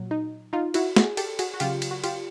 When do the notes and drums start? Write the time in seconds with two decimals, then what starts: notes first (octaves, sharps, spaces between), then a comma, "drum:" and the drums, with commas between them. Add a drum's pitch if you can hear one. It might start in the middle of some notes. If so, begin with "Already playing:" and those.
Already playing: A#2 F#3
0.11 D#4
0.53 D#4 F4
0.74 E4 F#4, drum: cymbal
0.96 F#4 G#4, drum: snare
1.17 G4 A4, drum: cymbal
1.39 F#4 G#4, drum: cymbal
1.54 F#4
1.60 C#3 F#3 F4 G4, drum: cymbal
1.82 drum: cymbal
1.91 F#4
2.04 F4 G4, drum: cymbal